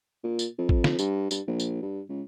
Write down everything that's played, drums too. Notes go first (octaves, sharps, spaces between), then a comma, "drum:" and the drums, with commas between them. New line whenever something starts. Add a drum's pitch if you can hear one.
A#2
drum: tambourine
F2
drum: kick
drum: snare
G2, drum: tambourine
G2, drum: tambourine
A#1
drum: tambourine
G2
C#2